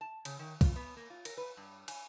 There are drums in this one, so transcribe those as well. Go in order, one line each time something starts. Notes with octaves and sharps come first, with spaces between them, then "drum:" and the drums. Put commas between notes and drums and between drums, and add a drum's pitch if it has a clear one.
A5
C#3, drum: cymbal
D#3
F4, drum: kick, cymbal
B3
A#3
F4
A#4, drum: cymbal
B4
G2
G#5, drum: cymbal